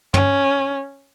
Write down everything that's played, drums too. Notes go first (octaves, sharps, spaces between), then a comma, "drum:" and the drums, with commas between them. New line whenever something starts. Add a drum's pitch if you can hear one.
C#4, drum: tom